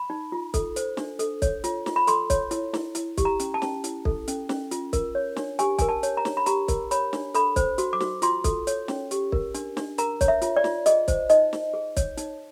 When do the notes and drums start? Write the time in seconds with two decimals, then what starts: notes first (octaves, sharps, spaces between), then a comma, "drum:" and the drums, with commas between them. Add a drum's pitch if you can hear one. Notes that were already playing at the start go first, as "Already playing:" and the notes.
Already playing: B5
0.10 D#4
0.32 F4
0.54 A4, drum: kick, hi-hat
0.76 C5, drum: hi-hat
0.97 D4, drum: snare
1.19 A4, drum: hi-hat
1.42 C#5, drum: kick, hi-hat
1.64 F4, drum: hi-hat
1.86 F4, drum: snare
1.96 B5
2.07 A4 C6, drum: hi-hat
2.30 C#5, drum: kick, hi-hat
2.51 E4, drum: hi-hat
2.74 E4, drum: snare
2.95 E4, drum: hi-hat
3.18 G4, drum: kick, hi-hat
3.25 A#5
3.40 C#4, drum: hi-hat
3.54 A5
3.62 C#4, drum: snare
3.84 E4, drum: hi-hat
4.05 A4, drum: kick
4.28 C#4, drum: hi-hat
4.49 C#4, drum: snare
4.71 F4, drum: hi-hat
4.93 A#4, drum: kick, hi-hat
5.15 C#5
5.36 D4, drum: snare
5.59 G4 G#5, drum: hi-hat
5.79 A#4 G#5, drum: kick, hi-hat
5.89 A5
6.03 C#5, drum: hi-hat
6.17 A#5
6.25 D4, drum: snare
6.37 B5
6.46 G4 A#5, drum: hi-hat
6.68 A#4, drum: kick, hi-hat
6.91 C#5 B5, drum: hi-hat
7.13 D4, drum: snare
7.34 A4 B5, drum: hi-hat
7.56 C5, drum: kick, hi-hat
7.78 F#4, drum: hi-hat
7.93 D6
8.00 F#4, drum: snare
8.22 F4 C6, drum: hi-hat
8.44 A4, drum: kick, hi-hat
8.67 C#5, drum: hi-hat
8.88 C#4, drum: snare
9.11 G4, drum: hi-hat
9.32 A#4, drum: kick
9.54 D4, drum: hi-hat
9.77 D4, drum: snare
9.98 A#4 A#5, drum: hi-hat
10.21 C#5, drum: kick, hi-hat
10.28 E5
10.42 F4, drum: hi-hat
10.57 D5
10.64 F4, drum: snare
10.86 G#4 D#5, drum: hi-hat
11.08 C5, drum: kick, hi-hat
11.30 D#4 D#5, drum: hi-hat
11.53 D#4, drum: snare
11.74 G#4
11.97 C#5, drum: kick, hi-hat
12.18 D#4, drum: hi-hat